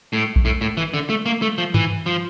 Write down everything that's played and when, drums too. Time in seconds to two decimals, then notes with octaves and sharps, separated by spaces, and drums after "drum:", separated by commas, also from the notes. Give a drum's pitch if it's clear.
0.13 A2
0.36 drum: kick A#1
0.45 A2
0.61 A2
0.77 E3
0.94 D3
1.10 A3
1.26 A#3
1.42 A3
1.58 F3
1.74 E3, drum: tom G2
2.06 F3